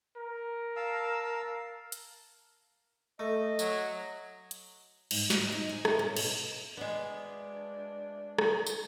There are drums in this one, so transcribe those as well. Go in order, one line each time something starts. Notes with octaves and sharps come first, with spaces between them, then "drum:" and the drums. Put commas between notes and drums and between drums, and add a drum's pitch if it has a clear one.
A#4
F5 A5 E6
drum: hi-hat
A3 D#5
F#3, drum: tambourine
drum: hi-hat
G#2, drum: cymbal
C5, drum: snare
D#4
G#5
E4, drum: rim click
C#4
B2, drum: cymbal
G#3 B3 D4
drum: rim click
drum: tambourine